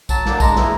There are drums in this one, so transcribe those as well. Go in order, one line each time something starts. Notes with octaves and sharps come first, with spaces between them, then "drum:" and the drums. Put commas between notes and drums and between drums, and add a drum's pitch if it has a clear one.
F#3 A5, drum: kick A#1, tambourine
A#3 D4, drum: snare
G#3 A#5, drum: kick A#1, tambourine
B3 E4, drum: snare